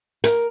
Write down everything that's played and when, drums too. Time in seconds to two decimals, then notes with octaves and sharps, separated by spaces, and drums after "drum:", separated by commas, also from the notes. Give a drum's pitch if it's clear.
0.24 A#4, drum: hi-hat